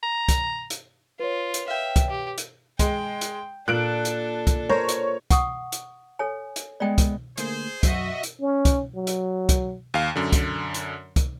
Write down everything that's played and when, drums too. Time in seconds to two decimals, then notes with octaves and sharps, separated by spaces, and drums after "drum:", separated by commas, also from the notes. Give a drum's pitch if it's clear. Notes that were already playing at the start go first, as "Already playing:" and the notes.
0.03 A#5
0.28 drum: kick, hi-hat
0.70 drum: hi-hat
1.20 F4 B4 C#5
1.54 drum: hi-hat
1.68 E5 F5 G5
1.96 drum: kick, hi-hat
2.09 G4
2.38 drum: hi-hat
2.79 G#3 G5, drum: kick, hi-hat
3.21 drum: hi-hat
3.68 A#2 D4 A4 F#6 D7 F#7
4.05 drum: hi-hat
4.47 drum: kick, hi-hat
4.69 A#4 C5 C#5
4.89 drum: hi-hat
5.30 F#5 C#6 D#6, drum: kick, hi-hat
5.72 drum: hi-hat
6.19 A4 C#5 G#5
6.56 drum: hi-hat
6.80 G#3 B3 D5 G5
6.98 drum: kick, hi-hat
7.38 D3 A3 A#3 G#4 C5, drum: hi-hat
7.83 F#2 F#3 F#4 D#5 E5, drum: kick, hi-hat
8.23 drum: hi-hat
8.41 C#4
8.65 drum: kick, hi-hat
8.95 F#3
9.07 drum: hi-hat
9.49 drum: kick, hi-hat
9.94 D#2 F5
10.16 F#2 D3
10.33 drum: kick, hi-hat
10.74 drum: hi-hat
11.16 drum: kick, hi-hat